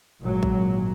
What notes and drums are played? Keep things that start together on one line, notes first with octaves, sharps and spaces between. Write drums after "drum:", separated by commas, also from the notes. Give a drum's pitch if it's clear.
G#1 A#2 F#3
drum: kick A#1